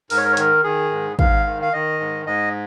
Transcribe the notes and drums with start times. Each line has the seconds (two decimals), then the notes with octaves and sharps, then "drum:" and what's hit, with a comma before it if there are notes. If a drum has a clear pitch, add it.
0.10 G#2 A#4, drum: open hi-hat
0.17 C#5
0.25 A#4
0.33 C#5
0.37 D#3 A#4, drum: hi-hat
0.64 D#3 G#4
0.91 G#2
1.19 G#2 F5, drum: kick
1.46 D#3
1.62 F5
1.73 D#3 D#5
2.00 G#2
2.26 G#2 D#5